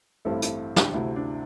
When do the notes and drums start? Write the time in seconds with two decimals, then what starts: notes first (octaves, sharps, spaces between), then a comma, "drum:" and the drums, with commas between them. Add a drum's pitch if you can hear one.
0.25 A1 G2 G3 C4 E4 A4
0.42 drum: hi-hat
0.76 D4 G4, drum: snare
0.93 D2 C3 A3 E4
1.16 D4